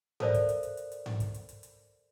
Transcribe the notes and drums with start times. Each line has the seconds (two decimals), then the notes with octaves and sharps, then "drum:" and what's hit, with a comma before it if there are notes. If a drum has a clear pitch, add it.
0.20 A4 A#4 C5 D5 E5, drum: tom G#2
0.34 drum: kick, hi-hat
0.49 drum: hi-hat
0.63 drum: hi-hat
0.77 drum: hi-hat
0.92 drum: hi-hat
1.06 drum: tom G#2
1.20 drum: kick, hi-hat
1.34 drum: hi-hat
1.49 drum: hi-hat
1.63 drum: hi-hat